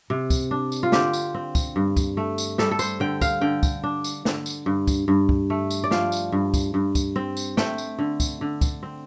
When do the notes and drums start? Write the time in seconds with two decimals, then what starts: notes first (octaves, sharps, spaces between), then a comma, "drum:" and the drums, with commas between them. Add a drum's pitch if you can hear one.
0.10 C3
0.30 drum: kick, tambourine
0.51 D4
0.72 drum: tambourine
0.83 F4
0.92 D3 G4, drum: snare
1.13 drum: tambourine
1.34 C4
1.55 drum: kick, tambourine
1.76 G2
1.97 drum: kick, tambourine
2.17 A3
2.38 drum: tambourine
2.58 G3 A4, drum: snare
2.71 A4
2.79 C5, drum: tambourine
3.00 D3 G5
3.21 F5, drum: kick, tambourine
3.41 D3 G5
3.63 drum: kick, tambourine
3.83 D4
4.04 drum: tambourine
4.25 D3, drum: snare
4.46 drum: tambourine
4.66 G2
4.87 drum: kick, tambourine
5.08 G2
5.29 drum: kick
5.50 A3
5.71 drum: tambourine
5.84 D5
5.91 F3 F5, drum: snare
6.12 drum: tambourine
6.32 G2
6.54 drum: kick, tambourine
6.74 G2
6.95 drum: kick, tambourine
7.16 C4
7.37 drum: tambourine
7.57 A3 G5, drum: snare
7.78 drum: tambourine
7.98 D3
8.20 drum: kick, tambourine
8.41 D3
8.61 drum: kick, tambourine
8.83 C4